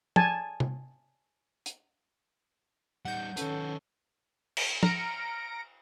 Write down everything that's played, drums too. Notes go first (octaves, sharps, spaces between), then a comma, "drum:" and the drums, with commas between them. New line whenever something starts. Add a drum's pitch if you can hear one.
G#5 A5, drum: tom
drum: tom C3
drum: hi-hat
G3 D#4 F#5 G6
D#3 C#4 A4 B4, drum: hi-hat
drum: cymbal
A#5 F6 A#6 C#7 D7, drum: tom